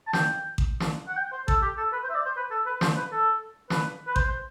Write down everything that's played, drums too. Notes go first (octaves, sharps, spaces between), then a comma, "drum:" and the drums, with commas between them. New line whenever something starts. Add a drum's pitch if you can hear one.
A5
G5, drum: snare
drum: kick A1
drum: snare
F#5
G5
C5
A4, drum: kick A1
G4
A4
B4
C5
E5
D5
C5
B4
A4
B4
C5, drum: snare
B4
A4
B4, drum: snare
B4
C5, drum: kick A1